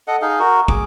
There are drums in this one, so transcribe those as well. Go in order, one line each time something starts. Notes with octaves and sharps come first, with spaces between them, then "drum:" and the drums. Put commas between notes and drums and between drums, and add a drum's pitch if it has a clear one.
A4 D#5 F#5
D#4 G#4 F5
F#4 A#4
G#4 D6, drum: kick